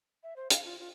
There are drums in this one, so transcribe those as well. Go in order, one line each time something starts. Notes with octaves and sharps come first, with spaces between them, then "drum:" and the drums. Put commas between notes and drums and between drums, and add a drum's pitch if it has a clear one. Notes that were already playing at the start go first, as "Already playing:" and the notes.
E5
C5
F5, drum: hi-hat
F4
F4